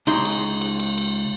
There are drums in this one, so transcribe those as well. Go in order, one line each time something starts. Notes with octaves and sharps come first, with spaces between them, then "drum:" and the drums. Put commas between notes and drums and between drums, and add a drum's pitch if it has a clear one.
C#2 D#4 C6, drum: cymbal
drum: cymbal
drum: cymbal
drum: cymbal
drum: cymbal